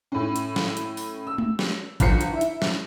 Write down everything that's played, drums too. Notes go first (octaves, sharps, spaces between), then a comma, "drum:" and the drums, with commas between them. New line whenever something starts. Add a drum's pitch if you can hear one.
A2 C#4
drum: hi-hat
drum: snare
drum: hi-hat
drum: open hi-hat
E6
drum: tom G#3
drum: snare
G1 F3 C#7, drum: kick G#1, hi-hat
drum: hi-hat
E4 E5
drum: hi-hat
drum: snare